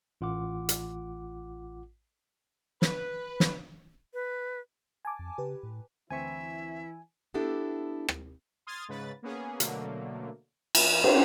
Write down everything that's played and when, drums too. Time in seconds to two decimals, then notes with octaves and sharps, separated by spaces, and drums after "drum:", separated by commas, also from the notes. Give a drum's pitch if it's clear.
0.21 A1 F4 F#5 D6
0.69 drum: hi-hat
2.82 B4, drum: snare
3.40 drum: snare
4.14 B4
5.05 G#5 A5 D6
5.19 F2
5.38 C#3 G4 B4
5.63 A2
6.11 D2 E3 C4 E4 E5 G#5 C#6
7.34 B3 D4 E4 G4 A4
8.08 drum: rim click
8.67 C6 D#6 F6 G#6 A6
8.89 G#2 C#3 B4 A6
9.22 A#3 B3 C#4 G#4
9.60 B2 D3 F#3 A3 A#3, drum: hi-hat
10.75 E3 A#3 C#4 D4, drum: cymbal
11.04 drum: cymbal